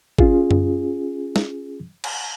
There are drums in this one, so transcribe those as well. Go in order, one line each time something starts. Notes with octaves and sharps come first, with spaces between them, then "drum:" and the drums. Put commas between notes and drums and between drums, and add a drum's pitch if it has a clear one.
C#4 F4 G#4, drum: kick G#1
drum: tom F#2
drum: snare
drum: cymbal